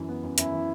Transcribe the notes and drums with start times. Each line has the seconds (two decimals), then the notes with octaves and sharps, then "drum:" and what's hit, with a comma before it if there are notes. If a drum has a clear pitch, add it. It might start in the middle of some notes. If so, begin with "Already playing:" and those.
Already playing: F#2 E3
0.09 B3
0.23 F#2
0.38 F#2 E4, drum: hi-hat
0.52 E3